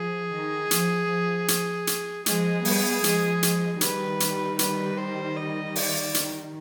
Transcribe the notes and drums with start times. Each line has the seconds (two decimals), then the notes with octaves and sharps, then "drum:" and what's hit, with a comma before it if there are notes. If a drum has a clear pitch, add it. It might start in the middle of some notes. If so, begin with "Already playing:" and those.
Already playing: F3 G#4
0.32 D#3
0.71 F3, drum: hi-hat
1.10 F3
1.48 drum: hi-hat
1.87 drum: hi-hat
2.26 F3 G#3 G#4, drum: hi-hat
2.65 G3 B3, drum: open hi-hat
3.04 F3 G#3, drum: hi-hat
3.43 drum: hi-hat
3.81 D#3 G3 B4, drum: hi-hat
4.20 drum: hi-hat
4.59 B4, drum: hi-hat
4.98 C5
5.36 D#5
5.76 D5, drum: open hi-hat
6.14 D#3, drum: hi-hat